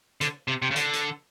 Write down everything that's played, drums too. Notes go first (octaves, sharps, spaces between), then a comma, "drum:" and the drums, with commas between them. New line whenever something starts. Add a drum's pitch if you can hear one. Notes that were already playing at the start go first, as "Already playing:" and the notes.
D3, drum: hi-hat
C3
C3
C#3
D3, drum: hi-hat
drum: hi-hat